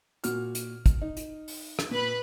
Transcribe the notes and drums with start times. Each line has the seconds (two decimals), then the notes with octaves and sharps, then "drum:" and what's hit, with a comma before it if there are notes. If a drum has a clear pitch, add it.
0.24 A#2 F#4 F6, drum: hi-hat
0.55 drum: hi-hat
0.86 drum: kick, hi-hat
1.02 D#4
1.17 drum: hi-hat
1.48 drum: open hi-hat
1.79 drum: rim click
1.91 A#2 B4 B5 F#6